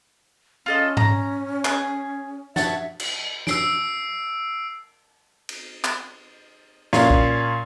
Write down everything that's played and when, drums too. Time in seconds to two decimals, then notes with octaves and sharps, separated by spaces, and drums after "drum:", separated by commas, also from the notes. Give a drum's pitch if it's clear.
0.66 C#4 F4 A4 D#5
0.97 A#5, drum: tom G#2
1.65 G#4, drum: clap
2.56 C#5 E5 F#5 A5, drum: snare
3.00 drum: cymbal
3.47 E6 C7 D7, drum: snare
5.49 drum: cymbal
5.84 drum: clap
6.93 A#2 C#4 F5, drum: snare
7.10 drum: kick B1